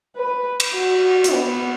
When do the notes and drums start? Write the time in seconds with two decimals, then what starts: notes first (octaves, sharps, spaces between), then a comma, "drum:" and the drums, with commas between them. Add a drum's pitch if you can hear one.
0.17 B4
0.60 drum: cymbal
0.74 F#4
1.24 drum: hi-hat
1.34 B3